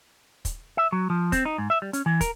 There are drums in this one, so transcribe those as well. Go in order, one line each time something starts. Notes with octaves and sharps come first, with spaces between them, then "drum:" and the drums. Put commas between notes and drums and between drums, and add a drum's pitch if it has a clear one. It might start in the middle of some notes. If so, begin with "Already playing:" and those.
drum: kick, hi-hat
E5
F#3
F3
C4, drum: kick, hi-hat
D#4
G#2
E5
G3
C#4, drum: hi-hat
E3
A#4, drum: kick, hi-hat